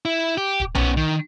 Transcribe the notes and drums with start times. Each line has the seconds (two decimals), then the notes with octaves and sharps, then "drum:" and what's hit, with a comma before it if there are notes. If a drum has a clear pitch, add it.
0.05 E4
0.38 G4
0.60 drum: kick
0.75 B3 C#4, drum: tom B1
0.97 D#3